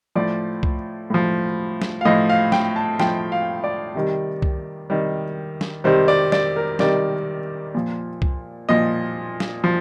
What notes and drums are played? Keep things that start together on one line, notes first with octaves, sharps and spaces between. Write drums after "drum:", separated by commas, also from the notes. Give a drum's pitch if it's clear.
A2 F3 D5
drum: kick C2
A2 F3
drum: snare
F5
A2 F3 D#5
F5
G5, drum: snare
A5
A2 F3 G5, drum: snare
F5
D5
C3 D#3 G3
drum: kick C2
C3 D#3 G3
drum: snare
C3 D#3 G3 C5
D5
D5, drum: snare
A#4
C3 D#3 G3 D5, drum: snare
A#2 F3
drum: kick C2
A#2 F3 D#5
drum: snare
F3